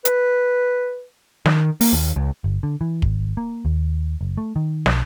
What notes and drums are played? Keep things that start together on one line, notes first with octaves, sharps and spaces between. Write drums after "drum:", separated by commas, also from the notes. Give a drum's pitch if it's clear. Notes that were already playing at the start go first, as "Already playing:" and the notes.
B4, drum: hi-hat
D#3, drum: snare
A#3, drum: open hi-hat
D#2
C#2
G1
D3
E3
G#1, drum: kick
A#3
D#2
F#1
A3
D#3
B1, drum: snare